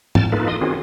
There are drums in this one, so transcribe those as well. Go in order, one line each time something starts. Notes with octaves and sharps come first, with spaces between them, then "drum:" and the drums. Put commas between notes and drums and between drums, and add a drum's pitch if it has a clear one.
G5 A5 F6 A6, drum: tom
A#3 D#4 F4 A4 B4
D#5 C6 D#6
D#3 C4 C#4 F4 F#4 G#4